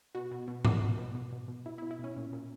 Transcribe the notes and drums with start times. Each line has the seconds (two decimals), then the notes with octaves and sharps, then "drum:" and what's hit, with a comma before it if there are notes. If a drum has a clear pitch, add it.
0.15 B2 F#4
0.31 B2
0.48 B2
0.65 B2, drum: tom G#2
0.81 B2
0.98 B2
1.15 B2
1.32 B2
1.48 B2
1.66 B2 E4
1.78 E4
1.82 B2
1.91 E4
1.99 B2 C#4
2.16 A#2
2.33 A#2